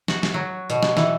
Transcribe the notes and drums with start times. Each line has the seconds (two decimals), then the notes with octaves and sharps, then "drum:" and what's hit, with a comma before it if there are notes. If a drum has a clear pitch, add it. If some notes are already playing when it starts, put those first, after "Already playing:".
0.08 F#4, drum: snare
0.23 drum: snare
0.34 F#3
0.70 B2, drum: hi-hat
0.83 drum: snare
0.97 E3, drum: snare